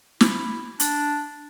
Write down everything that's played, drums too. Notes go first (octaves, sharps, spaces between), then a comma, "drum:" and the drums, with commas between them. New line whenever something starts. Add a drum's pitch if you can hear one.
E4, drum: snare
D4, drum: hi-hat